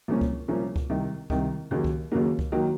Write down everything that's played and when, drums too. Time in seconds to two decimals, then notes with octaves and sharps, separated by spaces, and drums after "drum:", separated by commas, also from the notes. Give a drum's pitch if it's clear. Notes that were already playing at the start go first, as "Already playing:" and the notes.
0.08 C2 A#2 F3 A#3 C#4
0.21 drum: kick C#2
0.48 C2 A#2 F3 A#3 C#4
0.76 drum: kick C#2
0.90 C2 C3 D#3
1.30 C2 C3 D#3, drum: kick C#2
1.71 D#2 C#3 F#3 A#3
1.84 drum: kick C#2
2.12 D#2 C#3 F#3 A#3
2.39 drum: kick C#2
2.52 D#3 F#3 A#3